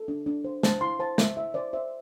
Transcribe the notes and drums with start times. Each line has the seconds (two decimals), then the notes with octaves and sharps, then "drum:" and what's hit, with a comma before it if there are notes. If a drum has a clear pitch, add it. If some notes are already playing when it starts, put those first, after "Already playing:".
Already playing: A4
0.08 D4
0.26 D4
0.45 C5
0.63 C5 A5, drum: snare
0.81 E4 C6
0.99 C5 A5
1.18 C5 E5, drum: snare
1.37 E4 E5
1.54 C5 D5
1.73 C5 E5